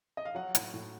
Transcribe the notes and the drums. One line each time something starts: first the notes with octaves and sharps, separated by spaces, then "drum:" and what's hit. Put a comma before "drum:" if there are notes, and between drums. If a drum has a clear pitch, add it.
D#5
F5
F#3 F#5
A2, drum: hi-hat
A2